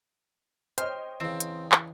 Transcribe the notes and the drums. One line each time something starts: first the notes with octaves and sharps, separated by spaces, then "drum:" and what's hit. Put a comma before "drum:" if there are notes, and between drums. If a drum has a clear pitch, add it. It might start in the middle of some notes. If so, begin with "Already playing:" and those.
C5 C#5 D#5 G5 F6, drum: hi-hat
E2 C#3 C4
drum: hi-hat
drum: clap